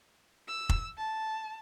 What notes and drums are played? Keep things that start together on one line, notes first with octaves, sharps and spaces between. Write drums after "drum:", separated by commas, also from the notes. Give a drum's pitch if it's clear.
E6
drum: kick F1
A5